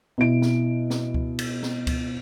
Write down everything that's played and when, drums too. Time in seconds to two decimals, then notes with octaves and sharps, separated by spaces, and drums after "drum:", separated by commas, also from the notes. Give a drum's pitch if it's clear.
0.18 B2 E4 D7
0.42 drum: snare C4
0.90 drum: snare C4
1.14 drum: kick C#2
1.39 drum: cymbal
1.63 drum: snare C4
1.87 drum: kick C#2, cymbal